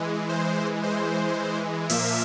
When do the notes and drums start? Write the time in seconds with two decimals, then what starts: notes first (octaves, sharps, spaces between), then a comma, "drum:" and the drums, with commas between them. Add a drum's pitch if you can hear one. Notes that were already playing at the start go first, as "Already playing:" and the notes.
Already playing: E3 G#3
0.29 C5
0.83 C5
1.90 A#2 F3 A#3 E5, drum: open hi-hat